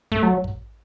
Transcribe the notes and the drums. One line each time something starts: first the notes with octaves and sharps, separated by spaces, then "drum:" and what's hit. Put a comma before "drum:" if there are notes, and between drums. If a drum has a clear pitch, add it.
A3, drum: kick
F#3
drum: kick